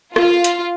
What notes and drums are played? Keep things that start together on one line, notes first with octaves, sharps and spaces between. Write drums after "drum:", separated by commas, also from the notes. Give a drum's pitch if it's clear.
F4, drum: rim click
drum: hi-hat